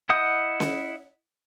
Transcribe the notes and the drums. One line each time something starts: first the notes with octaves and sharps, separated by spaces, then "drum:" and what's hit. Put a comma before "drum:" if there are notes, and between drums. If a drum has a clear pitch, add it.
E4 D#5 F#5 D#6 G6
drum: snare C#4